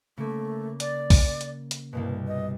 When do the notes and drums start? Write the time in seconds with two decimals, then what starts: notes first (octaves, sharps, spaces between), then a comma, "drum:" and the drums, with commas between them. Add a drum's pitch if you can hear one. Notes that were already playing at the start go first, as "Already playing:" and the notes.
0.18 C#3 A3 A#3
0.80 D5, drum: hi-hat
1.10 drum: kick B1, open hi-hat
1.41 drum: hi-hat
1.71 drum: hi-hat
1.93 C2 G2 B2 A#3
2.27 D#5